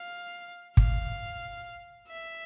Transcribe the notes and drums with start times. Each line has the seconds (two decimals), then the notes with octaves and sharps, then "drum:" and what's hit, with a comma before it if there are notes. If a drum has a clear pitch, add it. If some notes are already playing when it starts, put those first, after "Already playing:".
Already playing: F5
0.77 F5, drum: kick
2.08 E5